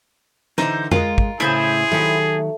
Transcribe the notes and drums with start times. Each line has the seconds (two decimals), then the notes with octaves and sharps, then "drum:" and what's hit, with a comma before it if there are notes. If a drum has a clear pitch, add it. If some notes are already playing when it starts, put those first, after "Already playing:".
0.58 D3 E3 D#4 C5, drum: snare
0.92 G#3 F4 A#4 D#5, drum: tom F2
1.18 drum: kick
1.40 A2 C#3 A3 E4 G#4 C5
1.92 D#3 F#3 A3 G4